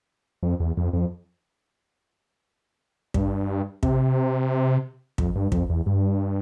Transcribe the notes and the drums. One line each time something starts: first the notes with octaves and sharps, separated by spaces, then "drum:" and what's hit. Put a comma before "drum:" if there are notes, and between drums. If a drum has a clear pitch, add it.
F2
E2
F2
F2
G2, drum: kick
C3, drum: kick
F2, drum: kick
G2
F2, drum: kick
E2
G2